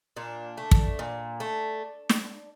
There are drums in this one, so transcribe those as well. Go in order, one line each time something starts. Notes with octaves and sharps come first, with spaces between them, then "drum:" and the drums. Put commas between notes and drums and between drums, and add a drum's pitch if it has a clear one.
A#2 D4
A3
drum: kick
A#2
A3
drum: snare